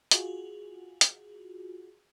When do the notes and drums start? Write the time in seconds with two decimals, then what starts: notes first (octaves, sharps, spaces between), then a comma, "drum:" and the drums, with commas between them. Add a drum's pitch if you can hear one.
0.11 F4 F#4 G#4, drum: hi-hat
1.01 drum: hi-hat